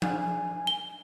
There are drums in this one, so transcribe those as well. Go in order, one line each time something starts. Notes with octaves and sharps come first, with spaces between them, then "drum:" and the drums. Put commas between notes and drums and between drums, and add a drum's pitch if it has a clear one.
G#5, drum: tom F3
G#5
G7